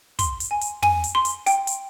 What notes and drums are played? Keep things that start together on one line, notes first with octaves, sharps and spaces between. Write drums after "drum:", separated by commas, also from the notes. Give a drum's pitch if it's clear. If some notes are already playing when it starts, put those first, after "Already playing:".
C6, drum: kick, hi-hat
drum: hi-hat
G#5
drum: hi-hat
G#5, drum: tom
drum: hi-hat
C6
drum: hi-hat
G5, drum: hi-hat
drum: hi-hat